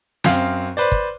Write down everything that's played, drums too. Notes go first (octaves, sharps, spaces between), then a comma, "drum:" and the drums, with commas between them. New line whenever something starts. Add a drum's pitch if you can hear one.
F#2 C4 F5, drum: snare
B4 C5 D5
drum: kick